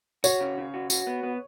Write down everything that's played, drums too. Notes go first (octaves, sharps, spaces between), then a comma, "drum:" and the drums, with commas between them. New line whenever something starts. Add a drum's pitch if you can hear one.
F#4 C#5, drum: tambourine
C#3
C#3
F#4
F#4, drum: tambourine
B3
B3